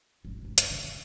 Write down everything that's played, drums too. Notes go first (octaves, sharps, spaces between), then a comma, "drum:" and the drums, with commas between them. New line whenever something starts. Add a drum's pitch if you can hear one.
G#1 F#3
C3 D#4
G2, drum: hi-hat
D3
C#3